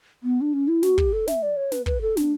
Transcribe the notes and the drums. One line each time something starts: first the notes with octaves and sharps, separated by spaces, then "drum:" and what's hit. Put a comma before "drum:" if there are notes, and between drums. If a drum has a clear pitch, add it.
B3
D4
C#4
E4
F#4, drum: snare
G4, drum: kick
A4
E5, drum: snare
D5
C#5
B4, drum: snare
B4, drum: kick
A4
D4, drum: snare